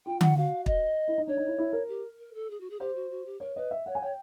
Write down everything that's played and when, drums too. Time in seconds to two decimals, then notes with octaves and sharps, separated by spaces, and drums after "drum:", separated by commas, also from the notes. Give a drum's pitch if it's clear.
0.06 F4 G5
0.21 F#5, drum: tom D3
0.36 F#4 F5
0.66 D#5, drum: kick
1.08 E4
1.18 D#4
1.27 D4 C#5
1.37 D#4
1.47 E4
1.58 E4
1.73 A#4
1.88 G4
2.19 A#4
2.34 A4
2.50 G#4
2.60 F#4
2.70 G#4
2.80 G4 C5
2.95 F#4
3.10 F#4
3.25 G4
3.40 A#4 C#5
3.56 B4 D#5
3.71 E5
3.86 C#5 F#5
3.95 G#5
4.02 C#5 G5